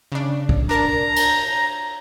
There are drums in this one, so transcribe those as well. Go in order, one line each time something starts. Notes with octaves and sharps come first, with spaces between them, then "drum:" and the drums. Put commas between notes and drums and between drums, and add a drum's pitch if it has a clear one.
C#3 D4
drum: kick
D4 A#4 A5 A#5
A5 G6, drum: cymbal